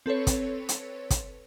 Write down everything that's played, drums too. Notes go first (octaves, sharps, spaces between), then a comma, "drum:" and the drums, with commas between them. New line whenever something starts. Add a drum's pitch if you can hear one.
C4 A4 B4 C#5
drum: kick, hi-hat
drum: hi-hat
drum: kick, hi-hat